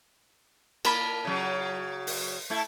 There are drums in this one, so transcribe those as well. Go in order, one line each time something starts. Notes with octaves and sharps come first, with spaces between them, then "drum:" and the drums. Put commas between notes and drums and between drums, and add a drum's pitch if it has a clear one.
A#3 A#4 A5 B5, drum: cymbal
C#3 F#3
drum: open hi-hat
A3 E4 A4